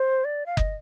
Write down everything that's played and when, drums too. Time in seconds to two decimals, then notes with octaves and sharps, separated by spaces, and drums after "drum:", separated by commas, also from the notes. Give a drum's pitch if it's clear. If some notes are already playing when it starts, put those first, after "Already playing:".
Already playing: C5
0.24 D5
0.46 F5
0.57 D#5, drum: kick F#1